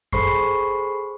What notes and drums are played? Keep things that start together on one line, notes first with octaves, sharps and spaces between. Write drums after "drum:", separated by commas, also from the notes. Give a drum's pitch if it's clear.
G#4 A4 C5 B5 C#6 C7, drum: kick F#2